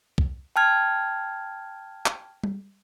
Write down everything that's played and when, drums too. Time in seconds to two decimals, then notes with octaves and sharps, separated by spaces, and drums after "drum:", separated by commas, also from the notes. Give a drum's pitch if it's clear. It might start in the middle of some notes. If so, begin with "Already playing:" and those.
0.18 drum: kick
0.56 G5 A5 F6 G#6
2.06 drum: clap
2.44 drum: tom G3